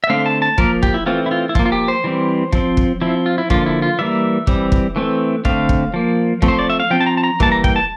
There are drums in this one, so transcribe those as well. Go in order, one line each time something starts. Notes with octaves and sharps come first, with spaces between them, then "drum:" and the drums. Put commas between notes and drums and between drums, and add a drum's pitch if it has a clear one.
E5
D3 A3 C4 F5
A5
A5
F3 A#3 A#4, drum: kick
G4, drum: kick
E4
E3 A3 C4 F4
E4
F4
E4
F3 A#3 F4, drum: kick
F4
G4
C5
E3 G3 C4
F3 C4, drum: kick
drum: kick
F3 C4 E4
F4
E4
D3 F3 A#3 F4, drum: kick
E4
F4
E3 G3 A#3 E5
E3 G3 C4, drum: kick
drum: kick
E3 A3 C4
D3 A3 C4 F5, drum: kick
drum: kick
F3 A#3
F3 A3 C4, drum: kick
C5
D5
E5
F5
F3 C4 G5
A5
A#5
A5
A#5
E3 G3 A#3 A5, drum: kick
A#5
G5, drum: kick
A5